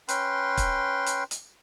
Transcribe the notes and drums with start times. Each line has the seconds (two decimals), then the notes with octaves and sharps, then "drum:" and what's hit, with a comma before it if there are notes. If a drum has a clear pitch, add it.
0.09 C#4 B4 G5 C6, drum: hi-hat
0.57 drum: kick, hi-hat
1.06 drum: hi-hat
1.31 drum: hi-hat